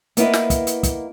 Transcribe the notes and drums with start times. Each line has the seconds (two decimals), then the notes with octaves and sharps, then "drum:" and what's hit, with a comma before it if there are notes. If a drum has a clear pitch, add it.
0.17 A#3 B3 E4 D#5, drum: hi-hat
0.33 drum: snare
0.50 drum: kick, hi-hat
0.67 drum: hi-hat
0.83 drum: kick, hi-hat